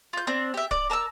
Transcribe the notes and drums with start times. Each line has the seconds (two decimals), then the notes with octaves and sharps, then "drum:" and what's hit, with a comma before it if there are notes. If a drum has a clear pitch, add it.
0.13 F4 G6
0.27 C4 D4
0.54 G4 E5
0.71 D5, drum: kick D1
0.90 A#4 A5 A#5 E6